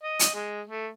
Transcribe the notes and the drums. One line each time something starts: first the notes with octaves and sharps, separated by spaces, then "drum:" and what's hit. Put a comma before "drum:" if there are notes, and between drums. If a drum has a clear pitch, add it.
D#5
drum: hi-hat
G#3
A3